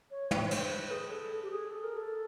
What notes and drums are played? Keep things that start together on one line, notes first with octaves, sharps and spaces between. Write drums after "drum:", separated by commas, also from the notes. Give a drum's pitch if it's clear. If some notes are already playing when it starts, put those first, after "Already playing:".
C#5
C5, drum: tom
C#5, drum: cymbal
C5
B4
G#4
A4
G4
G#4
A4
A#4
A4